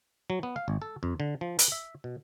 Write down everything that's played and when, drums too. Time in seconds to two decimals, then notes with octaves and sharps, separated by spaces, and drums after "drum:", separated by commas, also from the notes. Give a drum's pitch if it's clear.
0.30 F#3
0.43 B3
0.56 F5
0.68 G#1
0.82 A4
1.03 F2
1.20 D3
1.41 F3
1.59 B4, drum: hi-hat
1.72 E5
2.04 B2